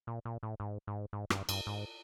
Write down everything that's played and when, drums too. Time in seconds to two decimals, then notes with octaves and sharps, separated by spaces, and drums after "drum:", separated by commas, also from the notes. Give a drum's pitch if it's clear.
0.07 A#2
0.25 A#2
0.43 A2
0.60 G#2
0.87 G#2
1.13 G#2
1.30 G2, drum: rim click
1.49 G2, drum: cymbal
1.67 G#2